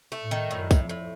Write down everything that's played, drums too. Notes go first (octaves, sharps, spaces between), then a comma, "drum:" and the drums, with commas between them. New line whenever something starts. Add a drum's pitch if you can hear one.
A3
A2
D#3
F#2 A2
A2, drum: kick, tambourine
F2
A2